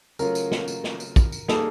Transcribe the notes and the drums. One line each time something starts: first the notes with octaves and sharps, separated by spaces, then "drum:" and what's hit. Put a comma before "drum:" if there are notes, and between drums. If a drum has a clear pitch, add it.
C#3 F#3 A3 C#4 F4 A#4, drum: tambourine
drum: tambourine
drum: snare
drum: tambourine
drum: snare
drum: tambourine
drum: kick, tambourine
drum: tambourine
G3 A#3 D#4 G#4 A4, drum: snare